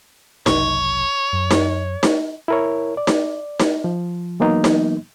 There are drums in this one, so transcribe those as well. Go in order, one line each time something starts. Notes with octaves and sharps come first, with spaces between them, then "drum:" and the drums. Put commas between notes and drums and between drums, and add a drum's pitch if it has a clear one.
F#1 C2 F#2 C#5, drum: snare D#4
F#2
drum: snare D#4
drum: snare D#4
E4 A#4 C#5
D5
drum: snare D#4
drum: snare D#4
F3
E3 F#3 A#3 B3 D#4
drum: snare D#4